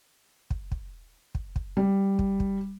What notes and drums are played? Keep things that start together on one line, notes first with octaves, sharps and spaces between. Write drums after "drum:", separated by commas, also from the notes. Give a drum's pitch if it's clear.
drum: kick
drum: kick
drum: kick
drum: kick
G3
drum: kick
drum: kick